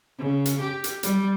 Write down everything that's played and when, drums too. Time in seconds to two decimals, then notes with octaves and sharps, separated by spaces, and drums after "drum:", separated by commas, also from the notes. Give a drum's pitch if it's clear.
0.18 C#3
0.46 drum: hi-hat
0.61 G4
0.84 drum: hi-hat
1.03 G3, drum: hi-hat